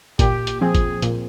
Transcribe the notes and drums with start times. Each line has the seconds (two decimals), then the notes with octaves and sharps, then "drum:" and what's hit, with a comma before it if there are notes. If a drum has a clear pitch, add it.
0.19 A#2 G4, drum: kick G#1, hi-hat
0.47 drum: hi-hat
0.61 F3 C4 G#4
0.75 drum: kick G#1, hi-hat
1.02 A#2, drum: hi-hat